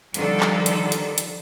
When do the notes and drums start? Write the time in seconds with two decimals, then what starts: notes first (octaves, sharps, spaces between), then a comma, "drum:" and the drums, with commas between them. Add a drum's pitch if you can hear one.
0.14 D3 D#3 F3 G3 D4 A4, drum: hi-hat
0.40 drum: clap
0.66 drum: hi-hat
0.92 drum: hi-hat
1.18 drum: hi-hat